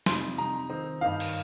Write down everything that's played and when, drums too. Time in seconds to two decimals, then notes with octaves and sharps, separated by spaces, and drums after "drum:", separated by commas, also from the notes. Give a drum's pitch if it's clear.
0.06 F2 C3 G3 D#4 C6, drum: snare
0.38 C3 G3 D#4 A#5
0.70 D#3 C4 D#4
1.01 G2 D#3 A#3 D#4 F5
1.20 drum: cymbal